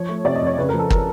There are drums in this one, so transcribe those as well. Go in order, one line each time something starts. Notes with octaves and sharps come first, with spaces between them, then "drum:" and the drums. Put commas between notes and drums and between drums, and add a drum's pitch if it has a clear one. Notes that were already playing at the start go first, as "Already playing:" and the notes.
Already playing: F3 C#5
A3
C3 D5
D#5
F2
C#5
C#3 B4
F3 A#4
A4
A#4, drum: kick